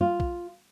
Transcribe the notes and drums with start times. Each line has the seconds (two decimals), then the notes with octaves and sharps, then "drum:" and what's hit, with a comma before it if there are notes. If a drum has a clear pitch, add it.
0.01 F4
0.20 drum: kick